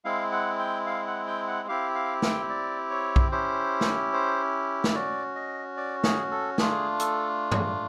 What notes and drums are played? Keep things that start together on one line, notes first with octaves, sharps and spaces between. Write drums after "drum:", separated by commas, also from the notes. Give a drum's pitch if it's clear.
G#3 C4 E4 F5
F#5
G5
F5
F#5
G5
F#5
C4 E4 G4 F5
F5
G5, drum: snare
D5
C#5
drum: kick B1
C#4 E4 G4 C5
drum: snare
C5
drum: snare
C#4 F#4 D5
D#5
D5
G#4, drum: snare
A4
A3 D4 F4 G#4, drum: snare
A4, drum: hi-hat
drum: tom G2